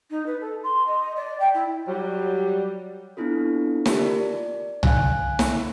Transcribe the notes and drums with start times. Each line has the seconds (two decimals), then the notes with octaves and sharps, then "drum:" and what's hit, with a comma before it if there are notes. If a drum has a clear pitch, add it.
0.10 D#4
0.26 B4
0.40 A4
0.63 C6
0.86 D#5
1.16 D5
1.39 G5
1.54 E4
1.88 F#3 G3
3.17 B3 C4 D4 E4 F4 A4
3.86 D#4 F4 G4 A#4, drum: snare
4.01 D5
4.83 F5 G#5 F#6 G#6, drum: tom C2
5.39 drum: snare